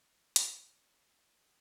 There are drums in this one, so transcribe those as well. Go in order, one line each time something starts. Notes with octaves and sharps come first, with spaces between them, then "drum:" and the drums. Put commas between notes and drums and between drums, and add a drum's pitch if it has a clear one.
G#2
G#2, drum: hi-hat
A#2
C#3
C#3